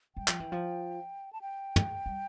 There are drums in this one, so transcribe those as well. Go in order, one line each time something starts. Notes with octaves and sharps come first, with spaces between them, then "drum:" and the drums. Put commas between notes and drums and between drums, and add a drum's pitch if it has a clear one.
G3 G5
F3, drum: clap
E3
F3
A5
G5
drum: tom
G3